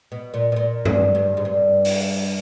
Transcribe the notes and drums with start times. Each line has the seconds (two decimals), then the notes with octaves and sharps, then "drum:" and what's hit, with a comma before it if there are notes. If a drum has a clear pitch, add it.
0.12 B2
0.34 A#2
0.52 B2
0.56 A#2
0.85 G2, drum: tom G2
1.15 G2
1.37 G#2
1.45 G2
1.85 drum: open hi-hat